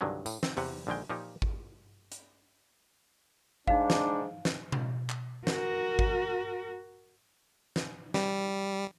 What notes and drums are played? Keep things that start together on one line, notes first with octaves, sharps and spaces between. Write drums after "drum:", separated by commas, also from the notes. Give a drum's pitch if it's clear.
C2 G2 D3 D#3 F#3 G#3
A2, drum: tambourine
C4, drum: snare
E2 C3 B4 F#5, drum: open hi-hat
A#1 D3 D#3 G#3 G5
A#2 F3 D#4 G4 C#5
drum: kick G#1
drum: hi-hat
G#2 D4 D#4 F5, drum: kick G#1
drum: snare
drum: snare
drum: tom B2
drum: clap
F#4 A#4, drum: snare
drum: kick G#1
drum: snare
G3, drum: snare